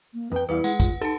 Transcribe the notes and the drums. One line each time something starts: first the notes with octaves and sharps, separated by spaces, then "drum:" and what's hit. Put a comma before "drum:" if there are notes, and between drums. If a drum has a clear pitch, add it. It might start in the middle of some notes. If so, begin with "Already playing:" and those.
A#3
F2 B4 G5
E2 G3 E4 B4 F5
G#3 F#5, drum: tambourine
F4, drum: kick, tambourine
D#4 G4 A4 A5